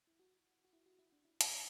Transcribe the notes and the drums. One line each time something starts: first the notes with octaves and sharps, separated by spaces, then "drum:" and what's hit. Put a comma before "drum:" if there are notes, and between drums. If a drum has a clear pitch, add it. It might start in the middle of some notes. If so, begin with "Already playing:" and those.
E4
F#4
F#4
E4
F#4
E4
D4
E4
drum: hi-hat